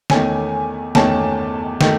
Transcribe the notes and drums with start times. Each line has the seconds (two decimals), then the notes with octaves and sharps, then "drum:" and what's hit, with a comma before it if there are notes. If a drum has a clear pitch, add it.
0.10 E2 D#3 A3 C#4 G#5, drum: snare
0.95 E2 D#3 A3 C#4 A5, drum: snare
1.81 D#3 A3, drum: snare